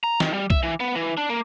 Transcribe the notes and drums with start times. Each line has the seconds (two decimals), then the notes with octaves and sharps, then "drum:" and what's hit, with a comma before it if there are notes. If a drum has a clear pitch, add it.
0.04 A#5
0.20 D#3, drum: snare
0.34 G3
0.50 E5, drum: kick B1
0.63 E3
0.80 B3
0.95 E3
1.17 D4
1.30 A#3